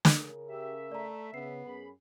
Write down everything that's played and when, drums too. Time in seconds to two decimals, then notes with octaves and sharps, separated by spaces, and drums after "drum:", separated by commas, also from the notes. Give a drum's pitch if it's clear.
0.05 drum: snare
0.16 C#3 A#4
0.49 G4 E5
0.92 A3 D5 A#5
1.34 C#3 B3 C7
1.66 F#2 G#4 B5